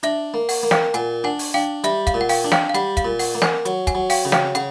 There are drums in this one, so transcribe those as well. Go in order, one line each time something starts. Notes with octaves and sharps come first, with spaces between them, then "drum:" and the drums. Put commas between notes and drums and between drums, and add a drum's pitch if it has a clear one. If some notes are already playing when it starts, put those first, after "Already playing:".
D4 E5, drum: hi-hat
A#3
F#5, drum: open hi-hat
A#3
F5 G5, drum: snare
A#2 F#5 G#5, drum: hi-hat
D4 F#5 G#5
drum: open hi-hat
D4 F5 G5
G3 E5, drum: hi-hat
F5, drum: kick, hi-hat
A#2
F#5
F5 G5, drum: open hi-hat
D4
F5 G5, drum: snare
F5
G3 F#5, drum: hi-hat
F5, drum: kick, hi-hat
A#2
F#5, drum: open hi-hat
A#3
F#5 G#5, drum: snare
F#3, drum: hi-hat
F#5 G#5, drum: kick, hi-hat
F#3
F5 G5, drum: open hi-hat
C#3
F5 G5, drum: snare
C#3 F#5, drum: hi-hat